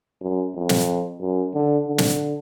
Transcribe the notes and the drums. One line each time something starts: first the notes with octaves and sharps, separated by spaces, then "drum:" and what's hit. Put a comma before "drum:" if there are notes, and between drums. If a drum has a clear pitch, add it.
F#2
F2
drum: snare
F#2
D3
D3
drum: snare